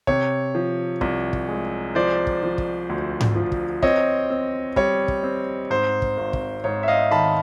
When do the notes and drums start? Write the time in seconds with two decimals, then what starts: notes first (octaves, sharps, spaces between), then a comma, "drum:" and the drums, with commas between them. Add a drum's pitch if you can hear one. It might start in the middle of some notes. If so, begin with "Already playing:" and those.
0.07 C3 C#5, drum: kick
0.55 F3
1.01 C2, drum: kick
1.33 drum: kick
1.48 G#3
1.95 F3 C5 D5
2.27 drum: kick
2.43 F3
2.58 drum: kick
2.90 D2
3.21 drum: tom G#2
3.36 F3
3.52 drum: kick
3.82 C4 C#5 D#5, drum: kick
4.30 C4
4.76 G3 C#5, drum: kick
5.08 drum: kick
5.23 C4
5.70 G#2 C5
6.02 drum: kick
6.17 G#1
6.33 drum: kick
6.64 G#2 C#5
6.83 E5
6.88 D#5 F5
7.11 D#3 A5 B5